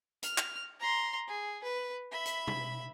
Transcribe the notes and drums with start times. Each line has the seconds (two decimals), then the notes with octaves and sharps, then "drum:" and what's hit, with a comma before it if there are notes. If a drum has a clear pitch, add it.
0.23 F6, drum: hi-hat
0.38 drum: clap
0.80 A#5 C6
1.27 G#4
1.63 B4
2.12 E5 B5
2.26 drum: hi-hat
2.47 drum: tom B2